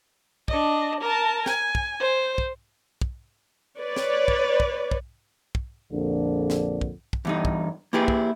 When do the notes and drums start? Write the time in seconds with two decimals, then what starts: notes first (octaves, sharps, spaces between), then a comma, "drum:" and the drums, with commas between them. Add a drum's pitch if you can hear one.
0.48 D4 D#5, drum: kick
1.00 A#4 A5
1.46 G#5, drum: snare
1.75 drum: kick
2.00 C5
2.38 drum: kick
3.01 drum: kick
3.80 B4 C#5 D5
3.96 drum: snare
4.28 drum: kick
4.60 drum: kick
4.91 drum: kick
5.55 drum: kick
5.92 A#1 F2 D3 D4
6.50 drum: snare
6.81 drum: kick
7.13 drum: kick
7.25 E2 G2 D#4
7.45 drum: kick
7.93 A#3 E4 G4 G#4 B4
8.08 drum: kick